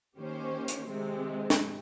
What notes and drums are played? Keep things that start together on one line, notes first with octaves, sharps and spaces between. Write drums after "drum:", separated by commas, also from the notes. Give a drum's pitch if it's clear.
D#3 A#3 C#4 G4 C5
drum: hi-hat
C3 D#3 G#3 C4
drum: snare